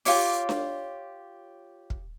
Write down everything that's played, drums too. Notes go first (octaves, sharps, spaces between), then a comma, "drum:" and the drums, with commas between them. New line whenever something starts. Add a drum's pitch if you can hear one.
F4 G4 C#5 D6, drum: open hi-hat
drum: snare D4
drum: kick